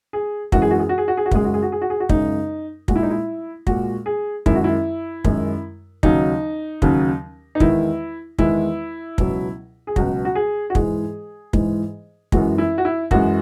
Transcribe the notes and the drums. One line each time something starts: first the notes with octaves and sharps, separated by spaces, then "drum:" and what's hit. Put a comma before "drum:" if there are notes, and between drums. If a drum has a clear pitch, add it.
G#4
F#2 E3 G#3 F#4, drum: kick
G#4
F#4
G#4
F#4
G#4
F#4
G#4
F#4
F#2 C#3 G#3 G#4, drum: kick
F#4
G#4
F#4
G#4
F#4
G#4
F#4
F#2 C#3 G#3 D#4, drum: kick
A#2 G#3 F#4, drum: kick
E4
D#4
E4
A#2 G#3 F#4, drum: kick
G#4
F#2 D#3 G#3 E4, drum: kick
F#4
E4
F#2 D#3 G#3, drum: kick
D#2 C#3 F#3 D#4, drum: kick
D#2 C#3 F#3, drum: kick
D#4
E2 D#3 G#3 E4, drum: kick
E2 D#3 G#3 E4, drum: kick
C#2 B2 F#3, drum: kick
G#4
C#2 B2 F#3 F#4, drum: kick
F#4
G#4
F#4
G#2 E3 G#3 G#4, drum: kick
G#2 E3 G#3, drum: kick
F#2 E3 G#3 F#4, drum: kick
E4
F#4
E4
F#2 E3 G#3 F#4, drum: kick